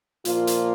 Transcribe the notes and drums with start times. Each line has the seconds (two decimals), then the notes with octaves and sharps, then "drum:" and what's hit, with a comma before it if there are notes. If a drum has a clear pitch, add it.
0.25 A#2 F3 A#3 F4, drum: hi-hat
0.47 drum: hi-hat